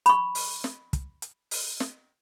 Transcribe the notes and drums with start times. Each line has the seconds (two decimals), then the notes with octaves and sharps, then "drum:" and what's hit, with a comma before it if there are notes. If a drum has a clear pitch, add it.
0.06 B5 C#6, drum: hi-hat
0.35 drum: open hi-hat
0.64 drum: snare
0.93 drum: kick, hi-hat
1.22 drum: hi-hat
1.51 drum: open hi-hat
1.80 drum: snare